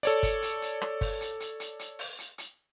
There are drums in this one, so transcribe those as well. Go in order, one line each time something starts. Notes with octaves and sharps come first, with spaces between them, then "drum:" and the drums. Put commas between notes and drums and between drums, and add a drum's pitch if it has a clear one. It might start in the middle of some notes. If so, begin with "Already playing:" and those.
A4 C#5 D5, drum: hi-hat
drum: kick, hi-hat
drum: hi-hat
drum: hi-hat
drum: rim click
drum: kick, open hi-hat
drum: hi-hat
drum: hi-hat
drum: hi-hat
drum: hi-hat
drum: open hi-hat
drum: hi-hat
drum: hi-hat